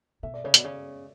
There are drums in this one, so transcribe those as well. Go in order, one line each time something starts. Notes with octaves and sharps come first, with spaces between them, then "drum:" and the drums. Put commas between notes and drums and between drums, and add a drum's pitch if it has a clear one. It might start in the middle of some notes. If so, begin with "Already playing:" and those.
B2 E5
D5
C#3 C#5
B2 D5, drum: hi-hat
C#3